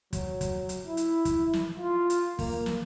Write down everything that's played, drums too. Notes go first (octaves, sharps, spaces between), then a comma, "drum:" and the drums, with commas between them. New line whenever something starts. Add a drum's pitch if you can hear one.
F#3, drum: kick, hi-hat
drum: kick, hi-hat
drum: hi-hat
E4
drum: hi-hat
drum: kick, hi-hat
drum: snare
F4
drum: hi-hat
A#3, drum: kick, open hi-hat
drum: snare